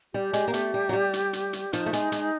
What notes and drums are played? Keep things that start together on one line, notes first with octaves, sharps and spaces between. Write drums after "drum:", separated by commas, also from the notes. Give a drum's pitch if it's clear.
G3 G4
G#3, drum: hi-hat
A#3
A3, drum: hi-hat
G3
F#3
G3
drum: hi-hat
drum: hi-hat
drum: hi-hat
F3 D#4, drum: hi-hat
A3
G#3, drum: hi-hat
G#3, drum: hi-hat